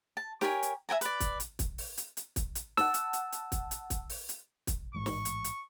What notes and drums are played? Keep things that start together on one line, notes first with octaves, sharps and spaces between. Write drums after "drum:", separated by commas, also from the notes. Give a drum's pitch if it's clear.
A5
G4 A#4 C#5 G#5, drum: snare
drum: hi-hat
E5 G5 G#5 A#5
B4 D5, drum: hi-hat
drum: kick, hi-hat
drum: hi-hat
drum: kick, hi-hat
drum: open hi-hat
drum: hi-hat
drum: hi-hat
drum: kick, hi-hat
drum: hi-hat
F#5 A5 E6, drum: snare
drum: hi-hat
drum: hi-hat
drum: hi-hat
drum: kick, hi-hat
drum: hi-hat
drum: kick, hi-hat
drum: open hi-hat
drum: hi-hat
drum: kick, hi-hat
A1 G#2 C#6
drum: snare
drum: hi-hat
drum: hi-hat